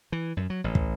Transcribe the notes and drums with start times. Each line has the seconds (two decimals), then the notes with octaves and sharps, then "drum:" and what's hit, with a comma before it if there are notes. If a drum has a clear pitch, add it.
0.12 E3
0.37 F#2
0.50 F#3
0.64 A1
0.75 drum: kick